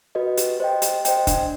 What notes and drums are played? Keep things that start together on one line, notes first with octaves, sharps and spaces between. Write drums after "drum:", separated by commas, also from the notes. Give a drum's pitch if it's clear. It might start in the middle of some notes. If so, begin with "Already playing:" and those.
F#4 B4 D#5
G4, drum: hi-hat
C5 D#5 G5
G4, drum: hi-hat
C5 D#5 G5, drum: hi-hat
D4, drum: kick, hi-hat